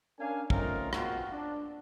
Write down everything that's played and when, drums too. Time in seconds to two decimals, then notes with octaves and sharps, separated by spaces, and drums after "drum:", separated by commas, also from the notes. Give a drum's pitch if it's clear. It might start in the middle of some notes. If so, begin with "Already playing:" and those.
0.20 C#4 D4 A#4 F5 G#5
0.50 A3 C4 C#4 D#4 F4 A#4, drum: kick
0.93 B2 G#3 A#3 C4 F4 F#4, drum: rim click
1.32 D4